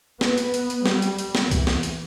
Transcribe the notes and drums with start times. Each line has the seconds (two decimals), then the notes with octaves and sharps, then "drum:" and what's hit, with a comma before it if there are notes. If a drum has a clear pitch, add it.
0.21 B3, drum: snare
0.38 drum: hi-hat
0.54 drum: hi-hat
0.70 drum: hi-hat
0.86 G3, drum: snare
1.02 drum: hi-hat
1.18 drum: hi-hat
1.35 drum: snare
1.51 E3, drum: kick C2, hi-hat
1.67 drum: snare
1.83 drum: hi-hat